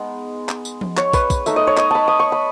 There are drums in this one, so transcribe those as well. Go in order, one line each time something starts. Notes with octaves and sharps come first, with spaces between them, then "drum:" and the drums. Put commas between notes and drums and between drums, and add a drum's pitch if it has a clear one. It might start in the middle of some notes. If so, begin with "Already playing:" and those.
Already playing: G#3 B3 D#4
drum: clap
drum: tambourine
drum: tom F3
C#5, drum: clap
B4, drum: kick, tambourine
drum: kick, tambourine
A3 D#4 E5, drum: tambourine
D#5
C#5
D#5, drum: clap
A5 B5
D#6
C#6
B5